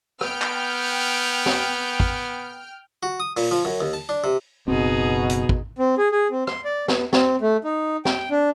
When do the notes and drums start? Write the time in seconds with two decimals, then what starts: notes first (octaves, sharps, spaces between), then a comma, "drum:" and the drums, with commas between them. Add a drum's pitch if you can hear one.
0.21 B3 G5 F6, drum: rim click
0.42 drum: clap
1.46 drum: snare
2.00 drum: kick
3.03 F#4
3.20 D#6
3.37 A#2, drum: open hi-hat
3.51 F3
3.65 F#2
3.81 D#2
3.93 A5
4.09 D4
4.24 C3
4.68 F#1 B2 C4 D#4 G#4
5.30 drum: hi-hat
5.49 drum: kick
5.79 C4
5.98 G#4
6.12 G#4
6.31 C4
6.47 C6, drum: rim click
6.65 D5
6.88 B3, drum: snare
7.13 C4, drum: snare
7.41 A3
7.64 D#4
8.05 G5, drum: snare
8.31 D4